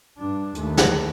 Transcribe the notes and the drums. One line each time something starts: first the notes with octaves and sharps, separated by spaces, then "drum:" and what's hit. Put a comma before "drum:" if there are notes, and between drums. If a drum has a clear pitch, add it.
G2 D4
D#2 A3, drum: hi-hat
drum: snare